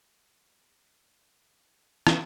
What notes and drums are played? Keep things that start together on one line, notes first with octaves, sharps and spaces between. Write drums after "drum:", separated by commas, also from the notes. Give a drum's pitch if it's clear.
F2 B2 C4 A#4
F#4 B4 E5
drum: rim click